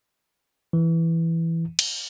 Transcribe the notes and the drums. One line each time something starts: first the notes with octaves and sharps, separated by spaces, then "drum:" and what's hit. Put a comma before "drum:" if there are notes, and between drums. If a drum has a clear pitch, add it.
E3
drum: cymbal